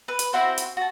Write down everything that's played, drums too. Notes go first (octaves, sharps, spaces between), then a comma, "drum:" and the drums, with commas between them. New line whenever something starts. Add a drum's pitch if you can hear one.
B4
drum: hi-hat
C4 E4 F#4 C5
drum: hi-hat
F#4 A5